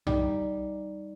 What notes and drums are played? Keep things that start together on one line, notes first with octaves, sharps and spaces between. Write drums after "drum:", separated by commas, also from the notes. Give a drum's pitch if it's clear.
G3 D#4, drum: tom B1